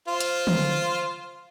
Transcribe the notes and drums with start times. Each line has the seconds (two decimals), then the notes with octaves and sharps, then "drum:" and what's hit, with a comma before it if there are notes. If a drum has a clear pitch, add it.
0.08 F4 C5
0.20 drum: hi-hat
0.47 drum: tom